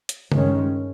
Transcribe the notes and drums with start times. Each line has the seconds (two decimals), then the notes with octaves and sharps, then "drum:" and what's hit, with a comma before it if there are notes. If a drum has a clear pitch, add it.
0.09 drum: hi-hat
0.32 G2 D#3 G#3 C#4, drum: tom C#3